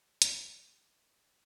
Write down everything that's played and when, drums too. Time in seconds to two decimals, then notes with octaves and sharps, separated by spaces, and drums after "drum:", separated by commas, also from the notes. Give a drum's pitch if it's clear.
0.22 C#3 A4, drum: hi-hat
0.44 F#3 G#4
0.66 C#3 F#4
0.89 A3 G#4
1.11 A3 A4